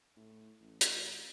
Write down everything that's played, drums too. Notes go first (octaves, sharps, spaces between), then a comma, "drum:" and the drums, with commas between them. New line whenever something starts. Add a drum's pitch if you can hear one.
A2
A1
drum: hi-hat